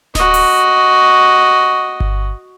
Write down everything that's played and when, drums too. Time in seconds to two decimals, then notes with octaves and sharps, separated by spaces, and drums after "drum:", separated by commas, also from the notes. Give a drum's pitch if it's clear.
0.15 F#4 D#5, drum: snare D1
0.34 drum: open hi-hat
2.00 drum: kick G1